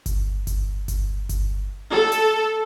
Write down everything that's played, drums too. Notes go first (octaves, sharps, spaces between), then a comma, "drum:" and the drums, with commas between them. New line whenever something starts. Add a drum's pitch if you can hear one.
drum: kick G1, hi-hat
drum: kick G1, hi-hat
drum: kick G1, hi-hat
drum: kick G1, hi-hat
A4
drum: hi-hat